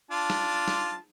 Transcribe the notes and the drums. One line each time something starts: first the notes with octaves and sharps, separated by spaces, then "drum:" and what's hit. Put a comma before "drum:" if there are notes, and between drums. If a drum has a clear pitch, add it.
D4 F4 A5
drum: snare
drum: snare